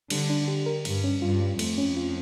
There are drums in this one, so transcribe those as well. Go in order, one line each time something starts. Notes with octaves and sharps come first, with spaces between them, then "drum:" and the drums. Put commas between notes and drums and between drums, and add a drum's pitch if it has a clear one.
D3 G3, drum: cymbal
D4
G4
A#4
G2 G3, drum: cymbal
C#4
G2 F4
G3
F2 A3, drum: cymbal
C#4
F4